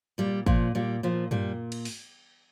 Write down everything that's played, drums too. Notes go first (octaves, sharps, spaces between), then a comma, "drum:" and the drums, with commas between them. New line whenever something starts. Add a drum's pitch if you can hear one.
A#2 G3
A#2 F3, drum: kick
A#2 G3
A#2 F3
A#2 G3, drum: tom
drum: cymbal
drum: open hi-hat